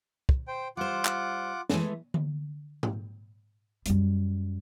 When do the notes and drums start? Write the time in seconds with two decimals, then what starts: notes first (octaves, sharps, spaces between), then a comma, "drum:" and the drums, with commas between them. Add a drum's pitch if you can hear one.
0.29 drum: kick
0.48 C5 G5
0.77 G3 F4 C5 F#5 D6
1.05 drum: clap
1.70 E3 G#3 A3, drum: snare
2.14 drum: tom D3
2.83 drum: tom G#2
3.86 F#2 G3, drum: hi-hat